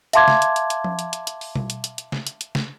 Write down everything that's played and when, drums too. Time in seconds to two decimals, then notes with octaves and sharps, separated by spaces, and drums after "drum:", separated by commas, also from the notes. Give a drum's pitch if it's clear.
0.13 E5 F5 A5 C6 D6 G#6, drum: hi-hat
0.28 drum: snare
0.42 drum: hi-hat
0.56 drum: hi-hat
0.70 drum: hi-hat
0.84 drum: tom F3
0.99 drum: hi-hat
1.13 drum: hi-hat
1.27 drum: hi-hat
1.41 drum: open hi-hat
1.56 drum: tom B2
1.70 drum: hi-hat
1.84 drum: hi-hat
1.98 drum: hi-hat
2.12 drum: snare
2.27 drum: hi-hat
2.41 drum: hi-hat
2.55 drum: snare